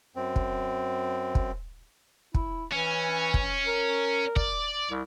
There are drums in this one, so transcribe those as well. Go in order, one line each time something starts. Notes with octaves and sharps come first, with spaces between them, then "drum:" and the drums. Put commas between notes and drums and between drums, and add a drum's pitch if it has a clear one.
F#2 C4
drum: kick
drum: kick
E4, drum: kick
E3 C#4
drum: kick
A#4
D5, drum: kick
C2